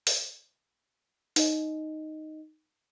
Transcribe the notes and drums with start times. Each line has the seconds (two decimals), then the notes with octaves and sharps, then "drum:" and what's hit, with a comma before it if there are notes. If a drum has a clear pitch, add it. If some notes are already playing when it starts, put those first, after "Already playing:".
0.07 drum: open hi-hat
1.36 D#4 D#5, drum: open hi-hat